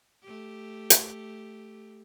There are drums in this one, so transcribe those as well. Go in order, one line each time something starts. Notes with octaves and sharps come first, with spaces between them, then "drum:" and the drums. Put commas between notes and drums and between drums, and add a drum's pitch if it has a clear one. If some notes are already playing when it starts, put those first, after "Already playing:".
A3 G4
drum: hi-hat